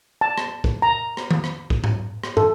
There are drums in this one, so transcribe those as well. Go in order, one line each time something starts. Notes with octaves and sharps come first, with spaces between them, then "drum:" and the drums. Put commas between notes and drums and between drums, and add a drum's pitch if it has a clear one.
A5
drum: rim click
drum: kick
A#5
drum: rim click
drum: tom D#3
drum: rim click
drum: kick
drum: tom G#2
drum: rim click
A4, drum: tom